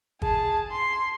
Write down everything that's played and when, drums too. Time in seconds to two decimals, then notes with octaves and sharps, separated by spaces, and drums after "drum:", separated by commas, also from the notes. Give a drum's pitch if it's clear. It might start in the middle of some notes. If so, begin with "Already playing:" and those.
0.22 G#4 A5, drum: kick
0.71 C6